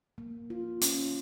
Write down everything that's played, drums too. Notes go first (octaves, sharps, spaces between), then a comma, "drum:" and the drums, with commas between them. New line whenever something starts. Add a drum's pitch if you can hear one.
A#3
F4
C#4, drum: hi-hat